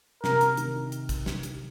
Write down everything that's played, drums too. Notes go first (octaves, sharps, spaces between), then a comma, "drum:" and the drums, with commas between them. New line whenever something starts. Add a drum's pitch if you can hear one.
C3 A#4, drum: snare
drum: hi-hat
D#3, drum: hi-hat
drum: hi-hat
drum: kick A1, hi-hat
drum: snare
drum: hi-hat